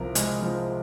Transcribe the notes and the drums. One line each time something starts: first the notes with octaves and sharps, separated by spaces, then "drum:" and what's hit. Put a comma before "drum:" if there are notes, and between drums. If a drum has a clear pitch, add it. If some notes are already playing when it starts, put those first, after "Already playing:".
Already playing: C2 F3 A#4
G#3, drum: hi-hat
F3